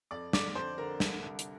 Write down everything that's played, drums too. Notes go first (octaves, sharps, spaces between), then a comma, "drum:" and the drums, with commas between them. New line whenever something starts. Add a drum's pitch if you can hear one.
F2 D5 D6
D3 D5 D6, drum: snare
F2 C5 C6
D3 A#4 A#5
C2, drum: snare
C2
drum: hi-hat